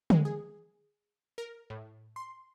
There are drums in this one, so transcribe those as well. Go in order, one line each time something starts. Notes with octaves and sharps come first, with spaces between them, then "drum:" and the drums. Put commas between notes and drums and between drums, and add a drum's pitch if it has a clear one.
G#3, drum: tom D3
G#4
A#4
A2
C6